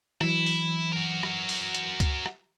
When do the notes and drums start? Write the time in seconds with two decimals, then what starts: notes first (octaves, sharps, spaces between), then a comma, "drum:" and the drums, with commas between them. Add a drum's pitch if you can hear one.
0.21 E3 F#3 E4, drum: rim click
0.46 drum: open hi-hat
0.93 F#4 A#4
1.23 drum: rim click
1.49 drum: open hi-hat
1.74 drum: hi-hat
2.00 drum: kick C#2, hi-hat
2.26 drum: rim click